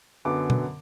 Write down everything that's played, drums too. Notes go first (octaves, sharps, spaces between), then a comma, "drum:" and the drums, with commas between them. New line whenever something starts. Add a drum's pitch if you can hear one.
F#2 D3 F#3 B3 D6
drum: tom B2